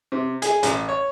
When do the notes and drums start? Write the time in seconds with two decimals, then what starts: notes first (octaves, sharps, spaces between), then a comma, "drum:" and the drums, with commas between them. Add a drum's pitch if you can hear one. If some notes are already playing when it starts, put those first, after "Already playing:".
0.12 C3
0.42 G#4, drum: hi-hat
0.63 A1, drum: hi-hat
0.89 C#5